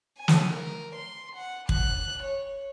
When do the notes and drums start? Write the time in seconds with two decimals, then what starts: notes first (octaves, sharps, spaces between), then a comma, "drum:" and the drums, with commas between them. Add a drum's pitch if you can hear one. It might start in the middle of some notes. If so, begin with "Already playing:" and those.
0.18 G#5
0.28 drum: snare
0.51 A#4
0.95 C6
1.36 F#5
1.69 F#6, drum: kick
2.23 C#5